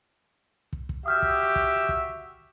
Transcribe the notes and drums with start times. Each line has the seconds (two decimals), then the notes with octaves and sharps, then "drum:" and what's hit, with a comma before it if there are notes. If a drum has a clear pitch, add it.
0.73 drum: kick
0.89 drum: kick
1.06 F#4 G4 E5 D#6 F6 G6
1.22 drum: kick
1.56 drum: kick
1.89 drum: kick